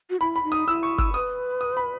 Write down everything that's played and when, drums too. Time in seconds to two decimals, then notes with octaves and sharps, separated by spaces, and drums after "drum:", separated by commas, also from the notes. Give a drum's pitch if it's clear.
0.10 F#4
0.21 E4 B5
0.36 B5
0.44 D#4
0.52 D#6
0.68 E4 E6
0.83 C#6
0.98 E6, drum: kick
1.14 B4 D#6
1.61 D#6
1.77 B5